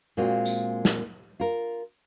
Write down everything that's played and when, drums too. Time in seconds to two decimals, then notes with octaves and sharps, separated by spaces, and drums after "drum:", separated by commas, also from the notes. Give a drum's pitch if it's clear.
0.17 A#2 G#3 A#3 C4 F4 F#4
0.45 drum: tambourine
0.85 drum: snare
1.40 F4 A#4